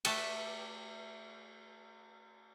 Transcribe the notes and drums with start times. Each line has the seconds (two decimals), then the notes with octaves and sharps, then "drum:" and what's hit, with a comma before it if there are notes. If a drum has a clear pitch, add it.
0.05 A3 G4 E5 F#5 G5 A5, drum: cymbal